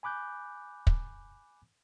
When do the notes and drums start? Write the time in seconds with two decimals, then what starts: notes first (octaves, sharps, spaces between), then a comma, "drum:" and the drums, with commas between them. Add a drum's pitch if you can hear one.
0.03 G#5 B5 D6 F#6 G6
0.87 drum: kick